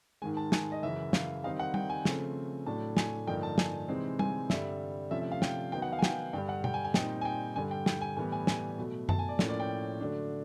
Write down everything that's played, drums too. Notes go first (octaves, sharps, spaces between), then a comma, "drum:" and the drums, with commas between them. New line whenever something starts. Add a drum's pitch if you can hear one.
G#2 D#3 G#3 G#5
A5
G#5, drum: snare
D#5
F#2 C#3 E3 E5
F5, drum: snare
D#3 G3 C4 D#4 F5
F#5
G5, drum: tom G3
G#5
C#3 F3 A3 C4, drum: snare
A2 F#3 A3 D4 A5
G#5, drum: snare
G2 D3 F3 A#3 D#4 G5
A5
G#5, drum: snare
C3 E3 G#3 C4 D#4
G#5, drum: tom G3
G2 D3 G3 E5, drum: snare
C3 F3 A3 C#4 E5
E5
F5
G5, drum: snare
D#3 F#3 B3 D#4 G5
F#5
F5
G#5
G5, drum: snare
G2 D3 G3 G5
F#5
G5, drum: tom
G#5
G#5
A#2 G3 C4 D#4 G5, drum: snare
G#5
G5
G2 D3 G3 G#5
G5
G5, drum: snare
G#5
A2 E3 G3 B3 G#5
G#5
G#5, drum: snare
B2 F#3 A3
A5, drum: tom F#2
G#5
D5
A2 F3 A#3 C#4 C#5, drum: snare
D5
G5
D3 F#3 A3 D4